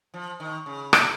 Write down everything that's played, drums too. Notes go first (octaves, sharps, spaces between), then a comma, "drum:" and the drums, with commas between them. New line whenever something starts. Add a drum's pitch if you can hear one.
F3
D#3
C#3
drum: rim click